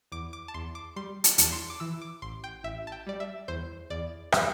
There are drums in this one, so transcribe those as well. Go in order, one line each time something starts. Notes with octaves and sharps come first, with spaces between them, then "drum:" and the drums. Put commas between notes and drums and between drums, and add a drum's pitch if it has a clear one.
E2 D6
D6
A5
E2 C6
D6
G3 C6
A5, drum: hi-hat
E2 A5, drum: hi-hat
C6
D6
E3 E6
D6
A1 C6
G5
A1 E5
A5
G5
G3 D5
E5
E2 C5
E2 D5
G3, drum: rim click